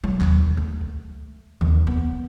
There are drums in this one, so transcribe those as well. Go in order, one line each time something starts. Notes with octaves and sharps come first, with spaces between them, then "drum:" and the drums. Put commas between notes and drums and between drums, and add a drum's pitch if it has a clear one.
F#3, drum: tom B2
D#2, drum: clap
drum: kick C#2
A3
drum: kick C#2
D#2, drum: tom D#3
B3
drum: kick C#2